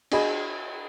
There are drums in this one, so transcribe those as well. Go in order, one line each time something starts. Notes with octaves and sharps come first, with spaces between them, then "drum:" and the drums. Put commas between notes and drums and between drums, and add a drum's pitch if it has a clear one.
D4 F#4 G#4 D#5 G#5 B5, drum: cymbal